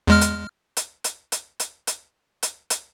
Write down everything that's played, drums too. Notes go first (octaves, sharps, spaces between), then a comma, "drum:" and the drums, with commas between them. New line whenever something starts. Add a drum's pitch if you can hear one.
E2 G#3 F6
drum: hi-hat
drum: hi-hat
drum: hi-hat
drum: hi-hat
drum: hi-hat
drum: hi-hat
drum: hi-hat
drum: hi-hat